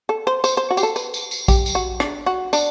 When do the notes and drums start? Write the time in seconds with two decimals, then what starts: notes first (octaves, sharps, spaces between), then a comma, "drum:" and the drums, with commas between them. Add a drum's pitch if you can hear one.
0.09 A4
0.27 C5
0.44 C5, drum: tambourine
0.57 C5
0.71 F#4
0.77 G4, drum: tambourine
0.83 A4
0.96 B4, drum: tambourine
1.14 drum: tambourine
1.31 drum: tambourine
1.48 G4, drum: kick A#1, tambourine
1.66 drum: tambourine
1.75 F#4
2.00 D4, drum: rim click
2.26 F#4
2.53 D4, drum: tambourine